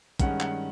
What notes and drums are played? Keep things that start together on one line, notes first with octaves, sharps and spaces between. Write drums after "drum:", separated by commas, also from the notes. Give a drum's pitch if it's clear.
G2 D#3 G#3 C#4 F#5, drum: kick, hi-hat
F#5, drum: clap